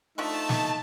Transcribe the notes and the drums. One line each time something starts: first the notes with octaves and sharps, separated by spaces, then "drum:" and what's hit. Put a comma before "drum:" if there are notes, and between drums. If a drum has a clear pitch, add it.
F3 A3 D4 D#4 E5 A5 C#6
drum: snare